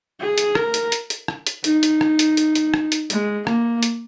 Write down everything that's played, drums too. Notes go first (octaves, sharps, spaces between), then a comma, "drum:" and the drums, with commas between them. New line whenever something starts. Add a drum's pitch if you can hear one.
G#4
drum: hi-hat
A#4, drum: rim click
drum: hi-hat
drum: hi-hat
drum: hi-hat
drum: rim click
drum: hi-hat
D#4, drum: hi-hat
drum: hi-hat
drum: rim click
drum: hi-hat
drum: hi-hat
drum: hi-hat
drum: rim click
drum: hi-hat
G#3, drum: hi-hat
A#3, drum: rim click
drum: hi-hat